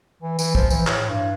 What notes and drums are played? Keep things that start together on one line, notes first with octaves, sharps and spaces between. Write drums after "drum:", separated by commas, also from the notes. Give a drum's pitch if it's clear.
E3
E3, drum: tambourine
F3, drum: kick
E3, drum: tambourine
A2, drum: clap
G2